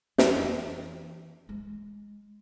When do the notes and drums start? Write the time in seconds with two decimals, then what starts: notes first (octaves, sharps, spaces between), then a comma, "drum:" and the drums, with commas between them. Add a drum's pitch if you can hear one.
0.18 F2, drum: snare
0.42 E3
1.49 G#3